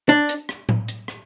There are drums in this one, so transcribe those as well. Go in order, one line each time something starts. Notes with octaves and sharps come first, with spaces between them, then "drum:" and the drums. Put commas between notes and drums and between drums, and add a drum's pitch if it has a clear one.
D4
drum: hi-hat
drum: rim click
drum: tom A2
drum: hi-hat
drum: rim click